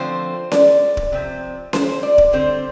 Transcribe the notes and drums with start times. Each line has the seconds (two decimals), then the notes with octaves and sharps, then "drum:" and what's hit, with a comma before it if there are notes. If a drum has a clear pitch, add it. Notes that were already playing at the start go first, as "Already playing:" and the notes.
Already playing: D3 F3 A3 C4 C5
0.52 D5, drum: snare C#4
0.97 drum: kick D1
1.12 C3 F3 C4
1.73 C5, drum: snare C#4
2.03 D5
2.18 drum: kick D1
2.33 D3 G3 C4 C5